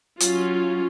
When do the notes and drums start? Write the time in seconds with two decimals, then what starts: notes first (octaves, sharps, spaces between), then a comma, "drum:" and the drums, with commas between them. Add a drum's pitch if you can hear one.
0.20 F#3 C#4 F4, drum: hi-hat